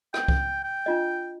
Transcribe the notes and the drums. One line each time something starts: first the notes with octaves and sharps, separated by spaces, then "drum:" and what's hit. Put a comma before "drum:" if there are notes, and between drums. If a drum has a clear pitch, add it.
G5, drum: rim click
drum: kick C2
G5
D4 F4 D#5